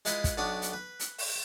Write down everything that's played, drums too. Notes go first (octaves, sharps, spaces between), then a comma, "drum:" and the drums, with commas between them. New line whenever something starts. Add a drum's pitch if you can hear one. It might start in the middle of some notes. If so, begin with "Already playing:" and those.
G#3 E4 F4 B4 D#5, drum: hi-hat
drum: kick, hi-hat
B1 B3 D4 C#6 D#6
drum: hi-hat
B4
drum: hi-hat
drum: open hi-hat